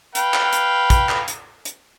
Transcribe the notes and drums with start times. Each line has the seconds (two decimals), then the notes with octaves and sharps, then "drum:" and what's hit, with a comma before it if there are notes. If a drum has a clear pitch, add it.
0.15 B4 F5 G5, drum: hi-hat
0.34 drum: clap
0.53 drum: hi-hat
0.90 drum: kick, hi-hat
1.09 drum: clap
1.28 drum: hi-hat
1.65 drum: hi-hat